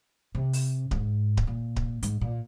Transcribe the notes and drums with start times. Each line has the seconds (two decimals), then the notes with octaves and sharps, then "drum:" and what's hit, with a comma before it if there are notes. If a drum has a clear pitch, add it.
0.35 C3
0.53 drum: open hi-hat
0.91 G#2, drum: kick D1
1.37 drum: kick D1
1.47 A#2
1.76 drum: kick D1
2.03 G#2, drum: hi-hat
2.21 A#2